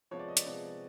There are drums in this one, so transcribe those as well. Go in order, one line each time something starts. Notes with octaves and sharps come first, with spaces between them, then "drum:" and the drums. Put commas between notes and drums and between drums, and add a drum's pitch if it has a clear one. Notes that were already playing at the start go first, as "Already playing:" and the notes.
C3 F3 G#3 B3 C#5
D5
D#5
D5, drum: hi-hat
C3 F3 G#3 B3